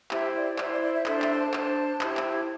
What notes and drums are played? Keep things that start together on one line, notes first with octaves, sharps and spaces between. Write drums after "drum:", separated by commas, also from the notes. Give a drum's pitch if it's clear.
E4 G4 C5 E5, drum: clap
D5
E4 C5 E5, drum: clap
D5
D5
E5
D4 A4 C5 E5, drum: clap
D5
E5, drum: clap
C6
A5
D4 C5, drum: clap
E4 G4 C5, drum: clap
drum: clap